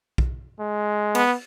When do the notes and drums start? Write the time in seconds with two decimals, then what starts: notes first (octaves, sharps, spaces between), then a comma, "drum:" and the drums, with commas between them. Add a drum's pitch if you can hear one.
0.18 drum: kick
0.61 G#3
1.15 B3, drum: cymbal